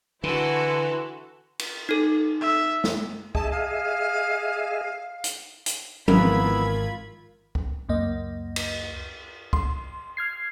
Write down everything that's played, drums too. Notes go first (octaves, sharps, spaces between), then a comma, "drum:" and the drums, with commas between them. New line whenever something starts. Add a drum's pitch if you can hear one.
D3 E3 E4 F#4 A4 C6
drum: cymbal
D#4 A4
E5
drum: snare
G#4 D#5 E5 A5, drum: kick
F5
drum: hi-hat
drum: hi-hat
G#1 E3 G#3 B3 F4 A#4 B5 G#6, drum: tom F3
drum: kick
C#2 F#2 A#3 D#5
drum: cymbal
C6, drum: kick
F6 G#6 C7